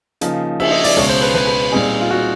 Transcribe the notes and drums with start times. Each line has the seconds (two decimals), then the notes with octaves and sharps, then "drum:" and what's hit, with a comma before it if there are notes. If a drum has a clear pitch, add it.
0.21 C#3 F3 A#3 D#4, drum: hi-hat
0.60 E5, drum: cymbal
0.71 D#5
0.84 D5, drum: open hi-hat
0.97 C#2 B2 G#3 C#4 C#5
1.09 C5
1.21 B4
1.34 B4, drum: snare
1.47 B4
1.72 A#2 G3 C4 D#4 G#4
2.01 F4
2.10 F#4